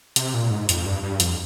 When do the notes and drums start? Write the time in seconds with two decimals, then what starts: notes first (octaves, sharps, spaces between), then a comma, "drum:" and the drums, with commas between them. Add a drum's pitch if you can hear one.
0.16 C3, drum: hi-hat
0.34 A#2
0.51 G#2
0.69 F2, drum: hi-hat
0.86 G2
1.03 G2
1.20 F2, drum: hi-hat